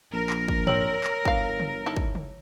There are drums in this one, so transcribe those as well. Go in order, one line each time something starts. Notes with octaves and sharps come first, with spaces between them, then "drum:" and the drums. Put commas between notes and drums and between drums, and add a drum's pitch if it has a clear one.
A#1 A#4
drum: clap
drum: kick
G3 C4 C#5 E6 F#7, drum: tom
drum: clap
G1 E3 F5, drum: kick
drum: tom
D#4 E4 A4
drum: kick
drum: tom